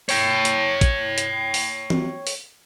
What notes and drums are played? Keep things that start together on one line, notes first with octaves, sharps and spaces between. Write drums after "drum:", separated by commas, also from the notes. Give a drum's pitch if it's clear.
C#5 G5, drum: open hi-hat
drum: hi-hat
drum: kick, hi-hat
drum: hi-hat
drum: open hi-hat
drum: tom
drum: open hi-hat